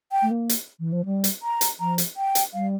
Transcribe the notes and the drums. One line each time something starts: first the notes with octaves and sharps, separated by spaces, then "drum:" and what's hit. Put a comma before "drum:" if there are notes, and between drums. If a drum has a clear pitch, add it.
G5
A3
A#3
drum: hi-hat
E3
F3
G3
drum: hi-hat
A#5
drum: hi-hat
F3 A#5
drum: hi-hat
G5
drum: hi-hat
G3 F5